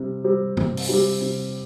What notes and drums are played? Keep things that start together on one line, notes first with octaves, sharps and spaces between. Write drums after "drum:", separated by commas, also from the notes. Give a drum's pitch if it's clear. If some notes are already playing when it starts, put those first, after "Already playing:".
Already playing: C3 G3
G3 C4 G4
C3, drum: tom G2
drum: open hi-hat
G3 C4 G4
C3